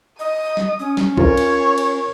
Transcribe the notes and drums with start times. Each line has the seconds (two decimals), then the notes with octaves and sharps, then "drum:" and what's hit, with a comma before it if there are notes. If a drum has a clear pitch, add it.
0.20 D#5 D#6
0.57 drum: snare
0.80 C#4
0.97 drum: snare
1.17 F4 A#4 C#5, drum: kick C2
1.37 drum: cymbal
1.78 drum: cymbal